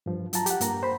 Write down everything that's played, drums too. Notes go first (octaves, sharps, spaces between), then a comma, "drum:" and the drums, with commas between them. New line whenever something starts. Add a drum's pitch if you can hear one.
G2 F3
F#3 F4 A5 A#5, drum: hi-hat
G4 F#5, drum: hi-hat
G2 A#3 A#5, drum: hi-hat
C5 B5